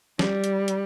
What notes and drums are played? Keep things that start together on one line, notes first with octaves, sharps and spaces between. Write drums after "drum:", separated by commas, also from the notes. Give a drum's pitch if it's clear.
G3, drum: snare
drum: hi-hat
drum: hi-hat